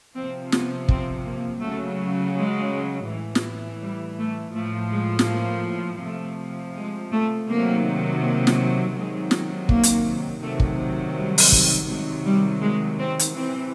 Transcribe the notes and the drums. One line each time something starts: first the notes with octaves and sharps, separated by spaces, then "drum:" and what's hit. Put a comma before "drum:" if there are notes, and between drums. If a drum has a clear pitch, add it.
C3 F3 C4
B3, drum: snare
C4, drum: kick
A#3
C#3 F#3 A3
G#3
A2 E3
drum: snare
G3
A3
A2 F3 A3
G#3
drum: snare
A#3
C3 F3 A3
G#3
A3
C3 D#3 F#3 A#3
A#3
drum: snare
C3 D#3 F#3 G#3
drum: snare
A#3, drum: kick
drum: hi-hat
C3 D#3 F#3 A3
drum: kick
G3
drum: open hi-hat
G3, drum: kick
C3 D#3 F#3 G#3
G3
G#3
C4
drum: hi-hat
C3 E3 C4